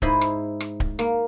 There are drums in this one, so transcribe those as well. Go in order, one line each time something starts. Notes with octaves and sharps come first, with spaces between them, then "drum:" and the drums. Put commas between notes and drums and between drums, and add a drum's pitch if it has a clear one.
G#2 E4 C5 D#5 B5, drum: kick D1
drum: rim click
drum: rim click
drum: kick D1
A#3, drum: rim click